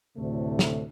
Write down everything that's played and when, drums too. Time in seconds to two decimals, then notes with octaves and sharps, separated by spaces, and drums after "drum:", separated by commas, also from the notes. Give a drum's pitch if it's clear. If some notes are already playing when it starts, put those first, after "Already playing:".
0.17 D2 A2 C3 A3
0.59 drum: snare